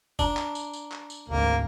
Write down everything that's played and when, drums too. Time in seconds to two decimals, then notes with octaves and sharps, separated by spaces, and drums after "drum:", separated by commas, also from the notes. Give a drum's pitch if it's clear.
0.19 D4 A5 A#5, drum: kick F#1, tambourine
0.37 drum: clap
0.55 drum: tambourine
0.73 drum: tambourine
0.92 drum: clap
1.10 drum: tambourine
1.28 G#1 D2 G#2 A#3